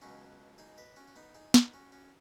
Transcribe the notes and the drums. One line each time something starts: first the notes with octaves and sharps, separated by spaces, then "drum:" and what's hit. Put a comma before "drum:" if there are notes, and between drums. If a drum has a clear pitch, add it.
C#2 B2 F#3 C#4 F#4
D#4 G#4
B4 D#5
C#4 F#4
F#4
B3 D#4
D#4 G#4
B3 D#4, drum: snare
C#4 F#4
C#4 F#4